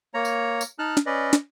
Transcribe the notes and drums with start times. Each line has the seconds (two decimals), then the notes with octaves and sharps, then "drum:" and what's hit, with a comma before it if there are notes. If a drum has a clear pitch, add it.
0.14 A#3 C#5 A#5
0.25 drum: tambourine
0.61 drum: tambourine
0.79 D#4 A5 F6 F#6
0.97 drum: snare
1.06 C#4 B4 D5 D#5
1.33 drum: snare